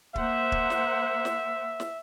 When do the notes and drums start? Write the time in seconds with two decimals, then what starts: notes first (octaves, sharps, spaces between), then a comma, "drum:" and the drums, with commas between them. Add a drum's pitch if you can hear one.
0.16 A#3 C5 E5 F#5, drum: kick
0.52 drum: kick
0.70 drum: snare
1.25 drum: snare
1.80 drum: snare